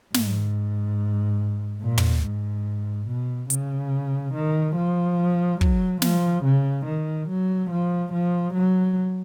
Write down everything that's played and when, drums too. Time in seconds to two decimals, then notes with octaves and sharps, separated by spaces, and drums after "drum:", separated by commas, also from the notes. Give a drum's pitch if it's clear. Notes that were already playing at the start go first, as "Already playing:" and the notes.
0.14 G#2, drum: snare
1.82 A#2
1.98 drum: tom
2.24 G#2
3.08 B2
3.50 C#3, drum: hi-hat
4.34 D#3
4.76 F3
5.61 F#3, drum: kick
6.02 F3, drum: snare
6.45 C#3
6.86 D#3
7.29 F#3
7.71 F3
8.13 F3
8.54 F#3